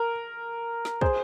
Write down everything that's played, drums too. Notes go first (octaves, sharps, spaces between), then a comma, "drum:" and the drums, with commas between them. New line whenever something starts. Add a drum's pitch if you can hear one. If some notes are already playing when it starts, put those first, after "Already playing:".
Already playing: A#4
drum: snare
G#4 C5, drum: kick